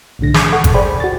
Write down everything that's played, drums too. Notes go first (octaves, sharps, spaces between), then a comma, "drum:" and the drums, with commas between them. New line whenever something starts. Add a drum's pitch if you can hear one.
B1 A2 D3 A#6
G#4, drum: snare
A4 F#5 C#6
drum: kick G1, hi-hat
G#4 C5 D5 G5 G#5 B5
F#4 A6